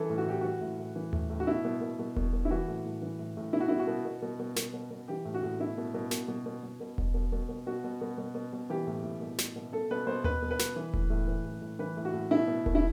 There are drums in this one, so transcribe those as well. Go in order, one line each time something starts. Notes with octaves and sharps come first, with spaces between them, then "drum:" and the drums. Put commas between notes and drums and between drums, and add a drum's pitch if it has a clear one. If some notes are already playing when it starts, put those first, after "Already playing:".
Already playing: E3 A4
A2
F#4
A2 G4
E3 F#4
A2
A2
E3
A2, drum: tom D#2
A2
F#4
B2 E4
B2
B2
B2
B2, drum: kick E1
B2
E4
E3 F#4
A2
A2
E3
A2
A2
B2 E4
F#4
B2 E4
F#4
B2
B2
B2
B2
B2, drum: snare
B2
B2
E3 G4
A2
F#4
A2
B2 E4
B2
B2
B2, drum: snare
B2
B2
B2
B2
B2, drum: kick E1
B2
B2
B2
B2 F#4
B2
B2
B2
B2
B2
E3 G4
A2
A2
B2
B2, drum: snare
B2
B2 A4
B2 B4
B2 C5
B2 B4, drum: tom D#2
B2
B4
B2, drum: snare
E3
A2, drum: kick E1
A2
E3
A2
A2
E3 B4
A2
F#4
A2
B2 E4
B2
B2, drum: kick E1
E4